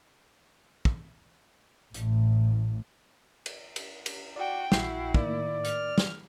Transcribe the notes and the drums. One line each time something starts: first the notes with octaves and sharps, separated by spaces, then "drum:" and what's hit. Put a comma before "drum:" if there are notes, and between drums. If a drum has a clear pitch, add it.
drum: kick
A1 A2, drum: hi-hat
drum: cymbal
drum: cymbal
drum: cymbal
F#4 D5 G5
A#1 E4 F#4 G5 C7, drum: snare
A2 D#3 A#3 D5, drum: kick
F6, drum: hi-hat
drum: snare